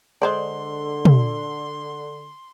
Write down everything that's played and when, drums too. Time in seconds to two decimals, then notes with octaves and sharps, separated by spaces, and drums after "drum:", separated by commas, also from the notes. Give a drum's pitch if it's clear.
0.22 D3 G#3 C5 D5 C6
1.05 drum: tom